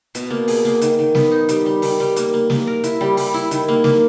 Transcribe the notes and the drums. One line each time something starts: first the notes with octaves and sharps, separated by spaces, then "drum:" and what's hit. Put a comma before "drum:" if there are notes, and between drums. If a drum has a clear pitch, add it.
B2, drum: hi-hat
A#3
G#4, drum: open hi-hat
A#3
D#3, drum: hi-hat
D#3
B3, drum: snare
D#4
G3, drum: hi-hat
G3
D#3, drum: open hi-hat
G3
A#3, drum: hi-hat
A#3
A#3, drum: snare
A#4
E4, drum: hi-hat
G3
G3, drum: open hi-hat
E4
D#3, drum: hi-hat
A#3
A#3, drum: snare